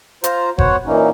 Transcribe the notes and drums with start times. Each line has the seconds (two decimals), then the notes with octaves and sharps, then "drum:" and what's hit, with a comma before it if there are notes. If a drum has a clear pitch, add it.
0.24 F4 C5 A#5, drum: hi-hat
0.58 B3 F#4 C5 C#5 F#5, drum: kick F#1
0.86 A#2 E3 A#3 C#4 D#4